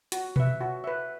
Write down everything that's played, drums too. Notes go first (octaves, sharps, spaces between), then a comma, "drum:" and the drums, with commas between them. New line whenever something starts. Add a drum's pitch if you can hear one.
F#4, drum: hi-hat
B4 E5, drum: tom B2
F#4
B4 E5